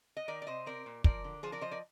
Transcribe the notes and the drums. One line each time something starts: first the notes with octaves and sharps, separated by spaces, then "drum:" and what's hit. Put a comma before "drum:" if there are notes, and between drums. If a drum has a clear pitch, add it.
D#5
D#3 A#4 D5
D5
C3 C5 D#5
C4 A#4 D5
A#2
F3 A#4 D5, drum: kick
D3
F3 G#4 C5
A#4 D5
F3 C5 D#5
A#4 D5